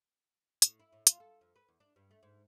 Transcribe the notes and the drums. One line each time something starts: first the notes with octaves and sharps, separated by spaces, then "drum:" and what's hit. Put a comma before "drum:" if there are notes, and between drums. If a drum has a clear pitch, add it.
A2, drum: hi-hat
E4
A2
F4, drum: hi-hat
A4
F2
B4
E2
D4
G2
A3
G#2